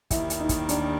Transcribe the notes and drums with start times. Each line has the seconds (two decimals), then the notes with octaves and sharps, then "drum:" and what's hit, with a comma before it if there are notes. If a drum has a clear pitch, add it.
0.11 D#2 D#3 G3 E4, drum: kick, hi-hat
0.30 drum: hi-hat
0.40 D#4
0.49 drum: kick, hi-hat
0.69 D4, drum: hi-hat